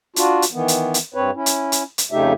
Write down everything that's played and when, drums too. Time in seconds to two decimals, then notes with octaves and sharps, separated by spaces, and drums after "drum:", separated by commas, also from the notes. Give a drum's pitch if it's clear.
0.16 D4 F4 F#4, drum: hi-hat
0.42 drum: hi-hat
0.52 D#3 E3 B3
0.68 drum: hi-hat
0.94 drum: hi-hat
1.14 G2 C4 B4 C#5
1.35 C#4 E4
1.46 drum: hi-hat
1.72 drum: hi-hat
1.98 drum: hi-hat
2.12 F2 C#3 A3 D#4 G4 E5